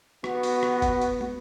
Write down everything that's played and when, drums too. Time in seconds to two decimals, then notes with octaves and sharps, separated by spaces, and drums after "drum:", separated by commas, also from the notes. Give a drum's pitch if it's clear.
0.24 B3 F#4, drum: rim click
0.43 drum: open hi-hat
0.63 drum: rim click
0.82 drum: kick, hi-hat
1.02 drum: hi-hat
1.21 drum: tom